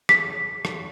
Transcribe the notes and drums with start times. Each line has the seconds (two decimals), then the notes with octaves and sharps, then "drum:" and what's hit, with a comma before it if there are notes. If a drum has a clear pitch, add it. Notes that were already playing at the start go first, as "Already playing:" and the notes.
0.09 B6, drum: rim click
0.65 drum: rim click